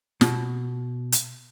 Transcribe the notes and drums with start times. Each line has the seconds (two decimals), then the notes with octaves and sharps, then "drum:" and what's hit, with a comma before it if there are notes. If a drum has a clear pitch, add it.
0.21 B2, drum: snare
1.12 drum: hi-hat